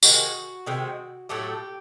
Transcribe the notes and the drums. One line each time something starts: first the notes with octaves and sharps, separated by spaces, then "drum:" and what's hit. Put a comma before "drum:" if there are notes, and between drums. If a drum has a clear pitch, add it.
C3 D#3 G#3 F#4, drum: tambourine
C3 D#3 G#3
A2 F#3 A3 G4